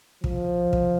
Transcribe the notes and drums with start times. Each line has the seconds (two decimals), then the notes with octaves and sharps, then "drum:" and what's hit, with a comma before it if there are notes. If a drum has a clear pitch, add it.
0.24 F3, drum: kick
0.73 drum: kick